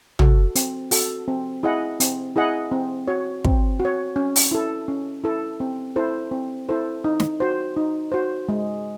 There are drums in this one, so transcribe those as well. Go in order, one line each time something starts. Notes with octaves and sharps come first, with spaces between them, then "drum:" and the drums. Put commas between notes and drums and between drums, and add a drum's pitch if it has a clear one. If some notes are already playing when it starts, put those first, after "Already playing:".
F#4 A4, drum: tom
C4, drum: hi-hat
F#4 A4, drum: open hi-hat
C4
E4 G#4 D#5 F#5
C4, drum: hi-hat
E4 G#4 D#5 F#5
C4
F#4 C#5
C4, drum: kick
F#4
C#5
C#4
drum: open hi-hat
E4 A4
C#4
E4 A4
C4
E4 A4 C5
C4
E4 A4 C5
D#4
drum: snare
F#4 C5
D#4
F#4 C5
G#3